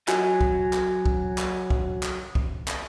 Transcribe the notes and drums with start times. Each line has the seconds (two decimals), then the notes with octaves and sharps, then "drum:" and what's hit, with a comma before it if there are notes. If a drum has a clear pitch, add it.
0.08 F#3 F#4 G#5, drum: clap
0.41 drum: kick
0.73 drum: clap
1.06 drum: kick
1.38 drum: clap
1.70 drum: kick
2.03 drum: clap
2.35 drum: kick
2.68 drum: clap